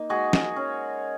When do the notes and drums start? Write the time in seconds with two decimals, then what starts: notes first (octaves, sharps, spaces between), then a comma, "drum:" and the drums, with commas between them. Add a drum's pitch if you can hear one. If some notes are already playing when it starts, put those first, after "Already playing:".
Already playing: A#3 D#4
0.09 G#3 F#4 G#4
0.33 drum: snare
0.56 C#4